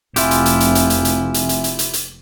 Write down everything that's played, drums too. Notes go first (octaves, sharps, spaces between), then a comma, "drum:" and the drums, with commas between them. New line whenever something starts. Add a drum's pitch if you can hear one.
F1 C4 E4 F4 G4 E5 G#5, drum: hi-hat
drum: hi-hat
drum: hi-hat
drum: hi-hat
drum: hi-hat
drum: hi-hat
drum: hi-hat
drum: hi-hat
drum: hi-hat
drum: hi-hat
drum: hi-hat
drum: hi-hat